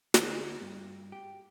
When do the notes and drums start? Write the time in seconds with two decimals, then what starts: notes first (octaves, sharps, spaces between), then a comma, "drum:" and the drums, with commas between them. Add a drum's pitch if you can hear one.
0.14 D2, drum: snare
0.61 G2
1.12 G4